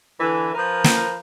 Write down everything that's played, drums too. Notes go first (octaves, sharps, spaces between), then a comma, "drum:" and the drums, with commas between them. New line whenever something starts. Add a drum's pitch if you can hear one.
D3 E3
F3 A#4 B4
drum: snare